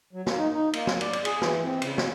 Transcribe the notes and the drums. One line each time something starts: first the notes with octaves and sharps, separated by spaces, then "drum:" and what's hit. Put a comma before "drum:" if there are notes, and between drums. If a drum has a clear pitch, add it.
F#3
A#3, drum: snare
D#4
D#4
A#3, drum: cymbal
F#3, drum: snare
D5, drum: cymbal
drum: cymbal
G#4, drum: cymbal
E3, drum: snare
C4
C#3, drum: cymbal
drum: snare